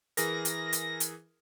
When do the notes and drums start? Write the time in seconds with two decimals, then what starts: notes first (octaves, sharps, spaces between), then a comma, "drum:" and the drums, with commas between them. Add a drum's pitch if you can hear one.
0.17 E3 G#4 A#4 A#6, drum: hi-hat
0.45 drum: hi-hat
0.73 drum: hi-hat
1.00 drum: hi-hat